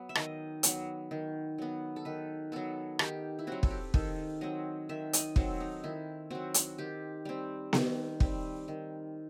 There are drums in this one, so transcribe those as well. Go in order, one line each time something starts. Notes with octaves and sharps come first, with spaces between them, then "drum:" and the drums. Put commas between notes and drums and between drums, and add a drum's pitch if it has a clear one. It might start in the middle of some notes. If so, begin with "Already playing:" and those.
Already playing: F#3 B3
E5
D#3 D#5, drum: rim click
F#3 B3, drum: hi-hat
D#3
F#3 B3
A4
D#3 B4
F#3 B3 A4
D#3 G4, drum: rim click
E4
F#3 C4 F#4
A4, drum: kick
G4
D#3 A4, drum: kick
F#3 C4 D#5
D#3 E5
D#5, drum: hi-hat
F#3 C4 A4, drum: kick
D#4
D#3 E4
F#3 C4 F#4
drum: hi-hat
D#3 G4
G3 C4
D#3, drum: snare B3
G3 C4, drum: kick
D#3